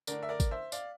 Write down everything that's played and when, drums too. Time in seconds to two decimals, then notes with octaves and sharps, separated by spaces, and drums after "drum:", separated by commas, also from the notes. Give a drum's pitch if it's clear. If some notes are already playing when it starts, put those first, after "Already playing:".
0.07 D3 A3 D4 A#4 D5, drum: tambourine
0.23 E5
0.29 A#4 D5
0.40 drum: kick G#1, tambourine
0.51 C5 E5
0.72 D5 F5, drum: tambourine